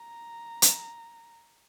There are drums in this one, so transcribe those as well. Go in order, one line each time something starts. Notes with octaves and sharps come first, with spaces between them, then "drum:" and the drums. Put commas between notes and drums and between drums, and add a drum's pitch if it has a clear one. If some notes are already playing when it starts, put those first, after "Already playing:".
Already playing: A#5
drum: hi-hat